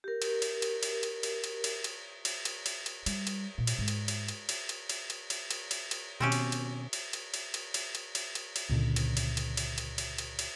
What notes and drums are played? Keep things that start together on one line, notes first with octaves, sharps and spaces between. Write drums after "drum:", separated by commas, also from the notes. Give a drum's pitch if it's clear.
G4 A#4
drum: cymbal
drum: cymbal
drum: cymbal
drum: cymbal
drum: cymbal
drum: cymbal
drum: cymbal
drum: cymbal
drum: cymbal
drum: cymbal
drum: cymbal
drum: cymbal
drum: cymbal
G3, drum: cymbal
drum: cymbal
A#2
drum: cymbal
G#2
drum: cymbal
drum: cymbal
drum: cymbal
drum: cymbal
drum: cymbal
drum: cymbal
drum: cymbal
drum: cymbal
drum: cymbal
drum: cymbal
drum: cymbal
B2 D#3 C4 C#4 G4
drum: cymbal
drum: cymbal
drum: cymbal
drum: cymbal
drum: cymbal
drum: cymbal
drum: cymbal
drum: cymbal
drum: cymbal
drum: cymbal
drum: cymbal
C#2 A#2 D3
drum: cymbal
drum: cymbal
drum: cymbal
drum: cymbal
drum: cymbal
drum: cymbal
drum: cymbal
drum: cymbal